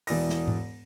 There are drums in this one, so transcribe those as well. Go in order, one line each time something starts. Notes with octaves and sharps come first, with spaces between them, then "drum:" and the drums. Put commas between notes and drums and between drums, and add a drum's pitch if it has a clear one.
E1 E3 D5 D#6 A#6, drum: open hi-hat
drum: snare
drum: tom G#2